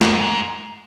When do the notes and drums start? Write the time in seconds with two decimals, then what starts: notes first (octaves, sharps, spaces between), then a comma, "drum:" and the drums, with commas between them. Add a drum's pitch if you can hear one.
0.01 F#2, drum: snare A3
0.21 G#2